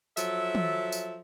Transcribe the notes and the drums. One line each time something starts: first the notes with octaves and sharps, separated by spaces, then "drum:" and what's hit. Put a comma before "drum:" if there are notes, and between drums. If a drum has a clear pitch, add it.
F3 F#3 A4 E5, drum: tambourine
drum: tom
drum: tambourine